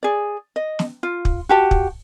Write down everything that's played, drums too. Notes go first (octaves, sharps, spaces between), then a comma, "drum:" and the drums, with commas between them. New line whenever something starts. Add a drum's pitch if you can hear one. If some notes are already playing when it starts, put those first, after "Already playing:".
G#4 D5
D#5
drum: snare
F4
drum: kick
F#4 G4 A5
drum: kick